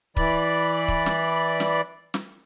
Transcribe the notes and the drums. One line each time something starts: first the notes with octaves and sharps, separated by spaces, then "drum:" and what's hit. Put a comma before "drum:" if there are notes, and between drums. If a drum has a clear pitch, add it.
E3 D5 B5, drum: kick C#1
drum: kick C#1
drum: snare
drum: snare
drum: snare